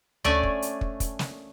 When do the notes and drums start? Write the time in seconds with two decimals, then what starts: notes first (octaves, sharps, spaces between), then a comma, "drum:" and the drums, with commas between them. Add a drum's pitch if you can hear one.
0.24 A3 C#4 D4 D5 E5 G#5, drum: tom D2
0.43 drum: kick
0.62 drum: hi-hat
0.81 drum: kick
1.00 drum: kick, hi-hat
1.19 drum: snare